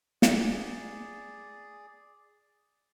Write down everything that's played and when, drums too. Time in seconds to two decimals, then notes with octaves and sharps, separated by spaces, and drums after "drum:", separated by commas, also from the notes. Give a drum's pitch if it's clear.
0.22 G#4 D5, drum: snare